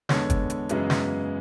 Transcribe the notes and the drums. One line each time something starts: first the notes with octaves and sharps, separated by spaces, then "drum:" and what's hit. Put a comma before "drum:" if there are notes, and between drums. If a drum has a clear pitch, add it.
E2 D3 G#3 B3 A4 C#5, drum: snare
drum: kick, hi-hat
drum: hi-hat
F#2 C#3 E3 G#3 B3, drum: hi-hat
drum: snare